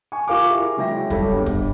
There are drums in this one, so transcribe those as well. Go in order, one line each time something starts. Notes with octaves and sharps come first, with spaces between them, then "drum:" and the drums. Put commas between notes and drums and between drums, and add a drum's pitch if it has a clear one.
G#5 C#6
F4 G4 A#4 F5 C#6 D6
drum: hi-hat
E4 G#4
C#3 F#3 G#3 E5 G5 A#6
G3 A4 C#5, drum: kick, hi-hat
G1
drum: kick, hi-hat